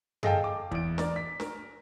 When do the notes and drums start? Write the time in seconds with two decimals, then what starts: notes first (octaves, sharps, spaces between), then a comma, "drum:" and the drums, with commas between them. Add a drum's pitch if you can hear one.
0.23 G#4 A4 D#5 F5 G5 A5, drum: tom F#2
0.44 D6
0.71 E2 D7, drum: kick
0.98 A#4 D5, drum: snare D4
1.16 B6
1.40 A#4, drum: snare D4